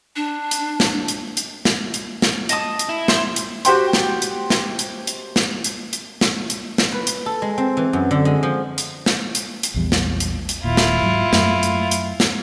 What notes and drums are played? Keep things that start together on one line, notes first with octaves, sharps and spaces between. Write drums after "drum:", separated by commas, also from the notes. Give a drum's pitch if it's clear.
D4
drum: hi-hat
drum: snare
drum: hi-hat
drum: hi-hat
drum: snare
drum: hi-hat
drum: snare
D#5 A5 D#6, drum: hi-hat
drum: hi-hat
E4
C6 G6, drum: snare
drum: hi-hat
F#4 G4 C5 G5 C6, drum: hi-hat
drum: snare
drum: hi-hat
drum: snare
drum: hi-hat
drum: hi-hat
drum: snare
drum: hi-hat
drum: hi-hat
drum: snare
drum: hi-hat
drum: snare
B4
drum: hi-hat
A4
G#3
C4
E3
F#2
D3
G#3
F3
drum: hi-hat
drum: snare
drum: hi-hat
drum: hi-hat
A#1 E2 G3
drum: snare
drum: hi-hat
drum: hi-hat
D#1 D#2 A#2 E4 F4
drum: snare
G#2 F#3
F#2 A3, drum: snare
drum: hi-hat
drum: hi-hat
drum: snare